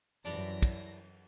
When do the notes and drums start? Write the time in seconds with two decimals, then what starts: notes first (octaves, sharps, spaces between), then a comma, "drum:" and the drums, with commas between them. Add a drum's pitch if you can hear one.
0.25 F#2 E3 G3 D4 A#6
0.62 drum: kick, cymbal